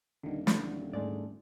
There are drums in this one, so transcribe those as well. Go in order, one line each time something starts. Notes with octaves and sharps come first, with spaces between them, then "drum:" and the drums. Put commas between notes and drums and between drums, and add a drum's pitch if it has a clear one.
D#1 D3 D#3
D3 E3 F#3, drum: snare
G#2 G#3 A3 D5